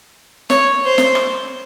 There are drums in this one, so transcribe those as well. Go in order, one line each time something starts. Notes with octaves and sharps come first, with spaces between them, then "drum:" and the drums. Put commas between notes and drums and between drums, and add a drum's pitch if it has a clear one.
C#5, drum: snare
C5
drum: snare
drum: rim click